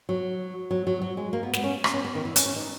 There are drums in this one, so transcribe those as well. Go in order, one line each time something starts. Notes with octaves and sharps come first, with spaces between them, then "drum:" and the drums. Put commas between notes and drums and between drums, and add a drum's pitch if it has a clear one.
F#3
F#3
F#3
F#3
G#3
A#3
B3
B3, drum: snare
C#4
B3, drum: rim click
C#4
B3
D#3
E3
C#4, drum: hi-hat
C#4
D#4